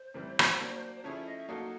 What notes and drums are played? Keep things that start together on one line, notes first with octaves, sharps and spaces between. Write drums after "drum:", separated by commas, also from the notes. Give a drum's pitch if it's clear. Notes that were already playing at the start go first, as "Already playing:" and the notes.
Already playing: C5
C3 E3 G3 C4
drum: rim click
F#3 A#3 D4
C5
F3 A3 C#4 E4 G#4 C#5
D5
E5
D#5
E5
F#3 A#3 D#4 F#4 A4 F5